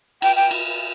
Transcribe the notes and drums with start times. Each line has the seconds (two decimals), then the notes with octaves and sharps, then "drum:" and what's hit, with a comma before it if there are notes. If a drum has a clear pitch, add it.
0.22 G5, drum: cymbal
0.36 G5
0.51 drum: cymbal